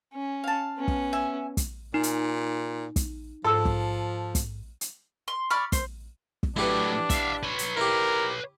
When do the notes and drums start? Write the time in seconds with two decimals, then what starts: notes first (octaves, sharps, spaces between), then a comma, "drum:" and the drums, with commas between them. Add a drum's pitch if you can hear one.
0.14 C#4
0.44 F5 A5
0.78 B3 C#4
0.88 drum: kick
1.13 E5 G#5
1.57 drum: kick, hi-hat
1.94 A#2 D#4
2.03 drum: hi-hat
2.96 drum: kick, hi-hat
3.44 G#2 F3 A4 E6
3.65 drum: kick
4.35 drum: kick, hi-hat
4.81 drum: hi-hat
5.28 C6
5.50 D5 B5 C#6 F6
5.72 C5, drum: kick, hi-hat
6.43 drum: kick
6.56 A2 F#3 D4 E4 G4 B4
7.10 E5 F5, drum: kick, hi-hat
7.43 B4 C#5
7.59 drum: hi-hat
7.77 E4 G4 A#4